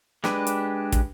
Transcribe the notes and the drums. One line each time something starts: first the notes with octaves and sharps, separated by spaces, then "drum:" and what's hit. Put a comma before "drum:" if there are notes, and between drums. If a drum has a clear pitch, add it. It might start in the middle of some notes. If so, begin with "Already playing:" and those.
G#3 D4 G4 B4, drum: snare
drum: hi-hat
drum: kick, hi-hat